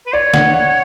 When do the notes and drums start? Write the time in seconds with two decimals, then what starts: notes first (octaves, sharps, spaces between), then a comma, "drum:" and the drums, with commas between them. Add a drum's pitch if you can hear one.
0.06 B4
0.13 C#5 D5
0.34 F#5, drum: snare
0.54 F#5